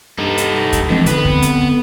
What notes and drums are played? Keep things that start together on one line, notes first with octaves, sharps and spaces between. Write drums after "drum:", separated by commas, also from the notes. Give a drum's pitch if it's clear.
G2 D#4 A4
drum: hi-hat
drum: kick, hi-hat
F2 E3 G#3 C4
D3 B3 C4 B4, drum: hi-hat
drum: kick
drum: hi-hat